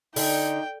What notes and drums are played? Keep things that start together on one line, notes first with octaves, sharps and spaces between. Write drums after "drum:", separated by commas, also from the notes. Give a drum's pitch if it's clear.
D3 D#4 G5, drum: open hi-hat